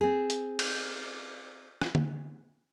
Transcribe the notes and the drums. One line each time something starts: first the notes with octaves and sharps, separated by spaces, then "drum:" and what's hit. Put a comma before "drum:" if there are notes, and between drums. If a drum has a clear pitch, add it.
C4 G#4
drum: hi-hat
drum: cymbal
drum: rim click
drum: tom D3